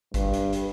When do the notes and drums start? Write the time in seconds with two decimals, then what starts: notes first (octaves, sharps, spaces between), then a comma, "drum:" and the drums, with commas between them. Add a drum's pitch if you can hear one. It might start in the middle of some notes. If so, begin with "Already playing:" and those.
0.14 G2, drum: kick G1, hi-hat
0.33 drum: hi-hat
0.53 drum: hi-hat